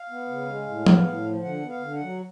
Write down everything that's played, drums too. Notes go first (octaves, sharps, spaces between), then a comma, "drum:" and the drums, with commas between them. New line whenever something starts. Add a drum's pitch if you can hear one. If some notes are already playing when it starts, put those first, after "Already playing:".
Already playing: F5
B3
C#3
G#3
A2
B3, drum: tom F3
A2
F3
D3 F#5
B3
F5
D3
F#5
F#3